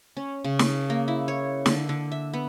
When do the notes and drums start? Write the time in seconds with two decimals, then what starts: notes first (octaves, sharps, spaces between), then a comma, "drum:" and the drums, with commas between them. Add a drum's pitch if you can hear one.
0.17 C#4
0.44 C#3
0.59 drum: snare
0.90 A#3
1.08 E4
1.28 C#5
1.66 D3, drum: snare
1.89 D3
2.12 E5
2.33 B3